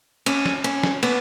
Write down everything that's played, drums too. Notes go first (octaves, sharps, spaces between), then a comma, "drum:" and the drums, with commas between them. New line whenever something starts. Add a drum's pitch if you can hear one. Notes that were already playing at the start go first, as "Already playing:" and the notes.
C#4, drum: cymbal
drum: snare
C#4, drum: cymbal
drum: snare
B3, drum: cymbal